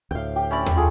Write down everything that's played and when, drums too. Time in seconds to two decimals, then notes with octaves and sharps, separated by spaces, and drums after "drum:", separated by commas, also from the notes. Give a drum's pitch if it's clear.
0.11 D2 A2 F5 G5
0.36 G4 G5
0.51 C#4 E4 D5
0.66 drum: tom D#2
0.76 F4 G#4 A4